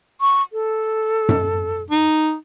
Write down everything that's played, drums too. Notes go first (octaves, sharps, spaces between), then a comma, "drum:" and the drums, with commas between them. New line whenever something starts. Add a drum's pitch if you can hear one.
C#6
A4
drum: tom F#2
D#4